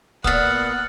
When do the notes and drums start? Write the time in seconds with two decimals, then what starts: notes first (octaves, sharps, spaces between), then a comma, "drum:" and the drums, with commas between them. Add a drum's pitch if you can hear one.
0.24 A#2 B3 F#5 D#6 F6 A6, drum: kick